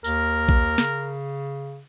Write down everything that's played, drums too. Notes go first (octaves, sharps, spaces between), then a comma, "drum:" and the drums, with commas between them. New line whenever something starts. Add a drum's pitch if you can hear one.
D#2 A#4, drum: tambourine
drum: kick A#1
C#3, drum: snare